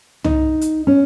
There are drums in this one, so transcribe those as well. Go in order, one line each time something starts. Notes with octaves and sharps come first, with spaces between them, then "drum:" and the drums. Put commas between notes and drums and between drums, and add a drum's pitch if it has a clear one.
D#4, drum: tom
drum: hi-hat
C#4